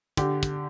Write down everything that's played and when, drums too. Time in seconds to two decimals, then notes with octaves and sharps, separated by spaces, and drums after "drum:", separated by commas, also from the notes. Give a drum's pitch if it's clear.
0.17 D3 G4, drum: kick, hi-hat
0.43 drum: kick, hi-hat